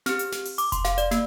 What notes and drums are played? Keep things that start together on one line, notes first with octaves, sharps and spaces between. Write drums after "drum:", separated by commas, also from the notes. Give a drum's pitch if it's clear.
C4 G4 F6, drum: snare
drum: hi-hat
drum: snare
drum: open hi-hat
D6, drum: hi-hat
C6, drum: kick F1, hi-hat
F5, drum: snare
D5, drum: hi-hat
A#3, drum: snare